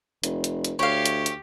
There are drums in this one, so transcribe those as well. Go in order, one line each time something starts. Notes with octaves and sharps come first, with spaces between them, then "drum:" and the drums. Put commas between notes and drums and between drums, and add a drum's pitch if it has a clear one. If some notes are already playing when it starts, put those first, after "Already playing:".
F1, drum: hi-hat
drum: hi-hat
drum: hi-hat
D2 G4 C#5 F5
drum: hi-hat
drum: hi-hat